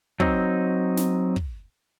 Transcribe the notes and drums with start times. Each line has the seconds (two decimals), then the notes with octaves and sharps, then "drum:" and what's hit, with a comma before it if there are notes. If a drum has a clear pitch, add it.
0.20 F#3 C4 D#4, drum: kick
0.97 drum: snare
1.36 drum: kick